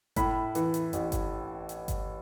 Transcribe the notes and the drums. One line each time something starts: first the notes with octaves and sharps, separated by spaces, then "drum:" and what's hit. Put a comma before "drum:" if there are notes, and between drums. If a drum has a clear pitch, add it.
A2 B5, drum: kick G1, hi-hat
E3, drum: hi-hat
drum: hi-hat
A1, drum: hi-hat
drum: kick G1, hi-hat
drum: hi-hat
drum: kick G1, hi-hat